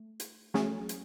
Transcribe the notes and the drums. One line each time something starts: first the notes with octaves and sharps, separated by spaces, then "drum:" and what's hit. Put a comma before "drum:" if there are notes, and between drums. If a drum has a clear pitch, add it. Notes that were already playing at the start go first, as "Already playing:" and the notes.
Already playing: A3
drum: hi-hat
F#3 A3 C#4 G#4, drum: snare
drum: hi-hat